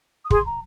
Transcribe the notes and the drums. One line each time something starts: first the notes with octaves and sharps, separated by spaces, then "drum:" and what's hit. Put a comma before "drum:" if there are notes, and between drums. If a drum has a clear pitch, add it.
D#6
G#4 C6, drum: kick
A#5